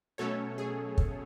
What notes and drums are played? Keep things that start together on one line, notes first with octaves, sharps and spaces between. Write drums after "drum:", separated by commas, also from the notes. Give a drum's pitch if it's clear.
B2 F#3 A3 C#4 A4 C#5
G#4
drum: kick